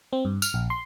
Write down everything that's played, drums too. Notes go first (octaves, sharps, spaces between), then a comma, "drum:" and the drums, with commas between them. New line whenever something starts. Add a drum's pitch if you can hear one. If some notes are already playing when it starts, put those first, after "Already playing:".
C4
G2
F6, drum: tambourine
A#1
C6